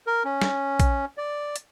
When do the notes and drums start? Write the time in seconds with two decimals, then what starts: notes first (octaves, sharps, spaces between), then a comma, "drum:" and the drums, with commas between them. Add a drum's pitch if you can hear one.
0.07 A#4
0.24 C#4
0.42 drum: snare
0.80 drum: kick A#1, hi-hat
1.18 D5
1.56 drum: hi-hat